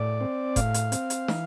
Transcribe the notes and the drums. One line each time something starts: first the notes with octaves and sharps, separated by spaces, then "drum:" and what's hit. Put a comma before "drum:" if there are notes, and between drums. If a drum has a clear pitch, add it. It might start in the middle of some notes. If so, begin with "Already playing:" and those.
Already playing: A2 D5
C4
A2 F5, drum: kick F#1, hi-hat
drum: hi-hat
C4, drum: hi-hat
drum: hi-hat
E3, drum: snare